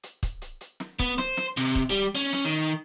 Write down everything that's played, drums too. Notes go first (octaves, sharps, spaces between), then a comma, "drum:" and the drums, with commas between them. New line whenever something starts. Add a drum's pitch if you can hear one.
drum: hi-hat
drum: kick, hi-hat
drum: hi-hat
drum: hi-hat
drum: snare
B3, drum: kick, hi-hat
C5, drum: snare
drum: snare
C3, drum: hi-hat
drum: kick, hi-hat
G3
C#4, drum: hi-hat
drum: snare
D#3